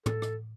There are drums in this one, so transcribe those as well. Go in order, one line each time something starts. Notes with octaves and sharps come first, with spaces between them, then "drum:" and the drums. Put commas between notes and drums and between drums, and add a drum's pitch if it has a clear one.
A4, drum: tom
drum: rim click